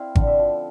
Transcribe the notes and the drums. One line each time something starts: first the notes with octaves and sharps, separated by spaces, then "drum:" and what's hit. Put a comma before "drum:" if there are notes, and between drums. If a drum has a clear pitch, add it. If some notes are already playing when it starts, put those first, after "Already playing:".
Already playing: C4 E4 F5
D3, drum: kick G#1
E5
F3